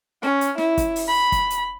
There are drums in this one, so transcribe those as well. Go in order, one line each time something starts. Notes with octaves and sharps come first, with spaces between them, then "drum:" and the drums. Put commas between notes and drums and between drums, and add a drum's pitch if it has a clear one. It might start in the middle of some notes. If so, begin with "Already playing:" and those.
C#4, drum: snare
drum: hi-hat
E4, drum: snare
drum: kick, hi-hat
drum: open hi-hat
B5
drum: kick, hi-hat
drum: hi-hat